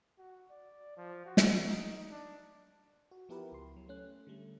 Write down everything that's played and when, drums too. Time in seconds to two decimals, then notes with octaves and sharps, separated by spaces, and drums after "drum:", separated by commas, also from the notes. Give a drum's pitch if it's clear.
0.18 F#4
0.50 D5
0.97 F3
1.26 F#4
1.37 drum: snare
1.67 D#4
2.10 D4
3.11 F#4
3.29 F3 B3 E4 G4 A#4 B4
3.52 C#2 C6
3.76 F#3
3.88 A3 C#4 F#6
4.27 D3 G3 A3